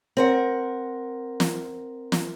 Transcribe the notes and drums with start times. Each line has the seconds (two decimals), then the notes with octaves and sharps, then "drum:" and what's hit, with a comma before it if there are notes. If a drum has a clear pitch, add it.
0.17 C4 A#4 F#5
1.40 drum: snare
2.12 drum: snare